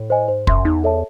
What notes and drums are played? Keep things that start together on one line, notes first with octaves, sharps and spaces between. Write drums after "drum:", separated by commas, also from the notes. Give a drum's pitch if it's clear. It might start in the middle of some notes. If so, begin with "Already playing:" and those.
Already playing: A2
C5 D#5 G#5
G#2 C5
F#2 E5 C6, drum: kick
E2 D#4
A4 C#5 E5 A5